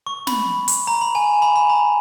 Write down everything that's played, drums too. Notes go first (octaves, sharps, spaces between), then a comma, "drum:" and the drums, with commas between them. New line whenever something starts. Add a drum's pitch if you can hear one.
C#6
B5, drum: snare
drum: hi-hat
A#5
B5
G#5
B5
B5
A#5